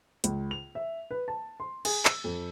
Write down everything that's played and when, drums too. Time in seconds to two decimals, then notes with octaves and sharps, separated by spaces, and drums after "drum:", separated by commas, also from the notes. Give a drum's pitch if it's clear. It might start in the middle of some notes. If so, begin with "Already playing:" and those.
0.24 C#2, drum: hi-hat
0.51 F7
0.75 E5
1.11 B4
1.28 A5
1.60 C6
1.85 G#4, drum: cymbal
2.05 E6, drum: clap
2.24 F2